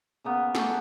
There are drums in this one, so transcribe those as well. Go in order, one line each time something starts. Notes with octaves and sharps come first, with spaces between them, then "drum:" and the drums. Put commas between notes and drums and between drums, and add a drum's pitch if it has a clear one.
C#3 A#3 B3
F#4 G4 A4 G#5, drum: snare